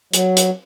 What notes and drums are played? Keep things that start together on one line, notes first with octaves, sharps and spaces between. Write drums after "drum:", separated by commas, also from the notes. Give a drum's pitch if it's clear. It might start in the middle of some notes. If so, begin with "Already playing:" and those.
F#3, drum: hi-hat
drum: hi-hat